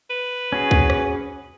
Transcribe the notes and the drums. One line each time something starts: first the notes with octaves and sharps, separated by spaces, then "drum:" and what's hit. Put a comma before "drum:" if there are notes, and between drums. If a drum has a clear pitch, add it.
B4
C#4 F#4 G#4
drum: kick C2
drum: rim click